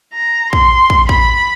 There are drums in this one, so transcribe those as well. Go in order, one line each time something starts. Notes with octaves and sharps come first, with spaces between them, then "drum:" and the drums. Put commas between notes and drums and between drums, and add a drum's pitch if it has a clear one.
A#5
C6, drum: kick
drum: kick
B5, drum: kick